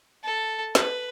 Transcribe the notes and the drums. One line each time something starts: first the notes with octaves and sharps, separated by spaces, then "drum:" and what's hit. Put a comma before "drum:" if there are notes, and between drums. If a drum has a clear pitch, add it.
A4
B4, drum: snare